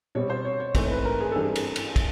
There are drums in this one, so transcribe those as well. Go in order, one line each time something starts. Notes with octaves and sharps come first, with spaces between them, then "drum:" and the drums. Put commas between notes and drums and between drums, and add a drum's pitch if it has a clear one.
B2 G3 C4 C#5
C5
C#5
C#5
G#2 E3 A3 C4 C5, drum: kick, cymbal
B4
A#4
G#4
G2 E3 G3 C4 A4
G#4
drum: cymbal
drum: cymbal
drum: kick, cymbal